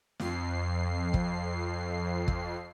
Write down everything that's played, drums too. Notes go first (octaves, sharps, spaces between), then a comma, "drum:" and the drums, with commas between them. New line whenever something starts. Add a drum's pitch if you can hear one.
F2 C7, drum: snare
drum: kick
drum: kick